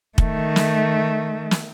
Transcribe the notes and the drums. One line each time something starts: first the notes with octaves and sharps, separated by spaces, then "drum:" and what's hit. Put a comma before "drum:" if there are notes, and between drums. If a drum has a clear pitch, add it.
D#3 A3, drum: kick
drum: snare
drum: snare